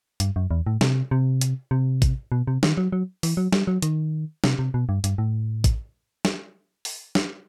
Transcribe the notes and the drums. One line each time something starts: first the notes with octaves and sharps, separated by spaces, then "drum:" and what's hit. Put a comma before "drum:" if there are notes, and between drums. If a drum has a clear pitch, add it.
G2, drum: hi-hat
F#2
E2
A2
C3, drum: snare
C3
drum: hi-hat
C3
drum: kick A1, hi-hat
B2
C3
D#3, drum: snare
F#3
F#3
E3, drum: open hi-hat
F#3
G3, drum: snare
F#3
D#3, drum: hi-hat
C3, drum: snare
C3
B2
G2
G2, drum: hi-hat
A2
drum: kick A1, hi-hat
drum: snare
drum: open hi-hat
drum: snare